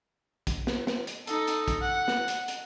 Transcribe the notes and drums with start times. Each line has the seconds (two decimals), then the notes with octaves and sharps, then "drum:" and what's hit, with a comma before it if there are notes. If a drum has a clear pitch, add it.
0.47 drum: kick, hi-hat
0.67 drum: snare
0.87 drum: snare
1.07 drum: hi-hat
1.27 D#4 A4, drum: hi-hat
1.47 drum: hi-hat
1.68 drum: kick, hi-hat
1.82 F#5
2.08 drum: snare
2.28 drum: hi-hat
2.48 drum: hi-hat